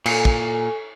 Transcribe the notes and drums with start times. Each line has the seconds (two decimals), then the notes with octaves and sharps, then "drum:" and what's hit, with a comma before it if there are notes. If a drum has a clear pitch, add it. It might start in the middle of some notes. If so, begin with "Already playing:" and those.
0.06 A#2 A4 G#5, drum: cymbal
0.25 drum: kick